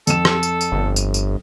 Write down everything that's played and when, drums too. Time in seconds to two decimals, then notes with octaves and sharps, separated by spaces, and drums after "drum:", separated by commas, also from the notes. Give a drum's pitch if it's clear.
0.07 F2 A4 E7, drum: tambourine
0.25 drum: rim click
0.43 drum: tambourine
0.61 drum: tambourine
0.72 G1
0.96 drum: tambourine
1.14 drum: tambourine